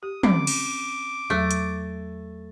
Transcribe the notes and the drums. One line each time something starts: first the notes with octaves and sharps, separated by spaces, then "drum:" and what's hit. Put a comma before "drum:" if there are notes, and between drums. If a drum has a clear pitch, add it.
G4 D#6
C4 C#4 D6, drum: tom
drum: cymbal
E2 F#3 A3 E6
drum: hi-hat